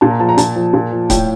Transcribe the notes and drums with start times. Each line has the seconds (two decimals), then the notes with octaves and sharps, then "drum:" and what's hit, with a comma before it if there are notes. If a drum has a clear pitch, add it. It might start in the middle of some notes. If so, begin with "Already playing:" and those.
0.01 A#2 A5
0.11 A#5
0.20 F3 A5
0.29 A#5
0.38 A#2 A5, drum: hi-hat
0.56 F3
0.73 A#2
0.92 F3
1.10 A2 G5, drum: kick C#1, hi-hat